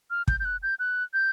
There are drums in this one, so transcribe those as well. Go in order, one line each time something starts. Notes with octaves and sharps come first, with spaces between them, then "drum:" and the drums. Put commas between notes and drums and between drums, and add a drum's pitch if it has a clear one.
F6
G6, drum: kick
G6
F#6
G6
F#6
G6